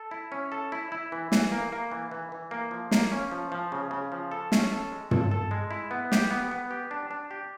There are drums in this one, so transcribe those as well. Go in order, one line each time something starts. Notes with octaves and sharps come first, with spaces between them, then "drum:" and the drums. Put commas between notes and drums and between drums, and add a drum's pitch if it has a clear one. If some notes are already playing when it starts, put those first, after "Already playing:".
Already playing: A4
E4
C#4
A4
E4
E4
E3
E3, drum: snare
A#3
A#3
E3
E3
E3
A#3
F3
A#3, drum: snare
C#4
F3
F3
C#3
C#3
F3
A4
C#4, drum: snare
A4
G#3
A4, drum: tom
A4
G#3
E4
B3
G4, drum: snare
B3
B3
G4
D4
D4
G4